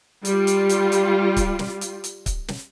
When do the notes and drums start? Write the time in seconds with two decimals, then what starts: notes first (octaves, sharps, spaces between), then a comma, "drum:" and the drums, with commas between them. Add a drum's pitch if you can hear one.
0.25 G3 F4, drum: hi-hat
0.47 drum: hi-hat
0.69 drum: hi-hat
0.92 drum: hi-hat
1.37 drum: kick C#1, hi-hat
1.59 drum: snare
1.81 drum: hi-hat
2.04 drum: hi-hat
2.26 drum: kick C#1, hi-hat
2.48 drum: snare